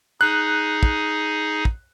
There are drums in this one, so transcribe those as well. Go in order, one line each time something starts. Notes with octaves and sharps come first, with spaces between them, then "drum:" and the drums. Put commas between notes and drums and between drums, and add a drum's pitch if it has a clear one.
D#4 G#4 F#6
drum: kick
drum: kick